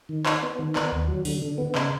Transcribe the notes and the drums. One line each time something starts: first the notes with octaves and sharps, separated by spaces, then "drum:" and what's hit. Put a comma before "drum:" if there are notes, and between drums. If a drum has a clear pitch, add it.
D#3
D#4, drum: clap
B3
D#3
B3, drum: clap
D#2
F#3
D3, drum: open hi-hat
D3
B3
C#3, drum: clap